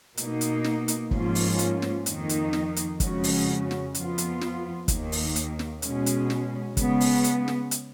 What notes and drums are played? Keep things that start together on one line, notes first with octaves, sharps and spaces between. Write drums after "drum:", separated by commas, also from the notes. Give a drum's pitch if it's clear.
B2 A#3 D#4, drum: hi-hat
drum: hi-hat
drum: snare
drum: hi-hat
G#2 F3 A#3 C#4 F4, drum: kick
drum: open hi-hat
drum: hi-hat
drum: snare
F2 D#3 A#3 D#4, drum: hi-hat
drum: hi-hat
drum: snare
drum: hi-hat
F2 C#3 G#3 C#4 F#4, drum: kick, hi-hat
drum: open hi-hat
drum: snare
F2 F3 B3 F4, drum: hi-hat
drum: hi-hat
drum: snare
D#2 D#3 A#3, drum: kick, hi-hat
drum: open hi-hat
drum: hi-hat
drum: snare
B2 G#3 C#4, drum: hi-hat
drum: hi-hat
drum: snare
C#3 G#3 B3, drum: kick, hi-hat
drum: open hi-hat
drum: hi-hat
drum: snare
drum: hi-hat